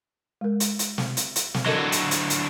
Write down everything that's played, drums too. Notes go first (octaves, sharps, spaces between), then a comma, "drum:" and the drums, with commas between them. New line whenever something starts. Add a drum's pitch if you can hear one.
G#3 A#4
drum: hi-hat
drum: hi-hat
drum: snare
drum: hi-hat
drum: hi-hat
drum: snare
D3 F#3 A4 A#4 D#5
drum: hi-hat
drum: hi-hat
drum: hi-hat